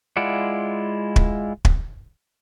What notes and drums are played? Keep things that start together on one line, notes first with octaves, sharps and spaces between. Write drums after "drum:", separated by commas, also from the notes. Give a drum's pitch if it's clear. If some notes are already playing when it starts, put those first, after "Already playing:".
G#3 E4 F4 D5 F#5
drum: kick
drum: kick